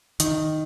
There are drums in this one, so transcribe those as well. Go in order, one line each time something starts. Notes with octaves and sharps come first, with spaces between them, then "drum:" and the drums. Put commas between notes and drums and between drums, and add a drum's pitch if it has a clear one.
D#3, drum: hi-hat